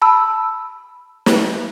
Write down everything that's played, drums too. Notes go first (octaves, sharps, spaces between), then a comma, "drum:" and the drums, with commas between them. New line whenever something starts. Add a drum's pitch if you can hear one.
A5 B5 E6
drum: snare